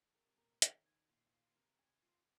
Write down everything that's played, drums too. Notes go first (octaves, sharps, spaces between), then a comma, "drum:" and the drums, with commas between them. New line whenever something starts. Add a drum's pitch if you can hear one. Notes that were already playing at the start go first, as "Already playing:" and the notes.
Already playing: D#3 G#3
C3 A#4
C3
A#2 A#4
D#3 A#4, drum: hi-hat
G#5
A#2 F4
F4
C3 A#4
G#5
F4